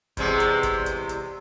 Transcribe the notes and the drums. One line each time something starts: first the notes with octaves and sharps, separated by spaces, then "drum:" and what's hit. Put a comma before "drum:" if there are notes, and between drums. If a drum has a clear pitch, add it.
E2 C3 G#3, drum: kick G1, hi-hat
drum: hi-hat
drum: kick G1, hi-hat
drum: hi-hat
drum: hi-hat